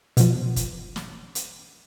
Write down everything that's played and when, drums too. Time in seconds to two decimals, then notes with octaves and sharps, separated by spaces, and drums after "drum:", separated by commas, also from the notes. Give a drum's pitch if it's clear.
0.17 B2 F3, drum: hi-hat
0.56 drum: kick, hi-hat
0.96 drum: snare
1.35 drum: hi-hat